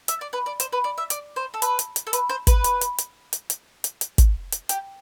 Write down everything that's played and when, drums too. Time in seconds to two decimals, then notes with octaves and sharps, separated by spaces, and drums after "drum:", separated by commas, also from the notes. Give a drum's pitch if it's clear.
0.08 E5, drum: hi-hat
0.21 D5
0.33 B4
0.46 D5
0.60 C5, drum: hi-hat
0.72 B4
0.84 D5
0.98 E5
1.10 D5, drum: hi-hat
1.36 C5
1.54 A4
1.62 B4, drum: hi-hat
1.79 drum: hi-hat
1.96 drum: hi-hat
2.07 A4
2.13 B4, drum: hi-hat
2.29 C5
2.47 B4, drum: kick, hi-hat
2.64 drum: hi-hat
2.81 drum: hi-hat
2.98 drum: hi-hat
3.33 drum: hi-hat
3.50 drum: hi-hat
3.84 drum: hi-hat
4.01 drum: hi-hat
4.18 drum: kick, hi-hat
4.52 drum: hi-hat
4.69 G4, drum: hi-hat